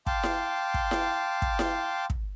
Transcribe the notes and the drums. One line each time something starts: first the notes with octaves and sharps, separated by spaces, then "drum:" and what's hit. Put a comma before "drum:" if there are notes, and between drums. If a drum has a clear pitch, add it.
F5 G5 A5 C6 D6, drum: kick
drum: snare E4
drum: kick
drum: snare E4
drum: kick
drum: snare E4
drum: kick